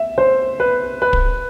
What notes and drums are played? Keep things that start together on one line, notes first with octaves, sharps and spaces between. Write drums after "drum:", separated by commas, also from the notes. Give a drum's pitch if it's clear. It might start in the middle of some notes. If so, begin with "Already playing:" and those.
Already playing: E5
C5
B4
B4
drum: kick